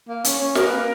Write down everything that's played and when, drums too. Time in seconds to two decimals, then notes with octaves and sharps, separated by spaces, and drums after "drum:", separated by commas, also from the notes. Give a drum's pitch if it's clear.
0.09 A#3
0.24 C#4, drum: hi-hat
0.39 C#4
0.55 B3 A#4, drum: snare
0.67 A#3 B4
0.78 A#4